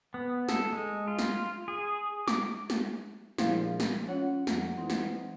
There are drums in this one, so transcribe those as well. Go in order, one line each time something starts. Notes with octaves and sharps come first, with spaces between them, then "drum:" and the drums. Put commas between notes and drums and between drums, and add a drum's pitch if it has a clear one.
B3
A4, drum: snare
G#3
F4
drum: snare
G#4
D6, drum: snare
drum: snare
A#1 F3 E4 C5 F5, drum: snare
drum: snare
C#4 F4 C#5 F#5
F2, drum: snare
E3 C4 D#4
drum: snare